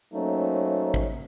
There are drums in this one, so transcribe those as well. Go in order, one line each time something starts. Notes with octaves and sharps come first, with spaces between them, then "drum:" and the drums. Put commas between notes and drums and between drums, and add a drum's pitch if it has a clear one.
F#3 A3 A#3 C#4 D#4 C5
drum: kick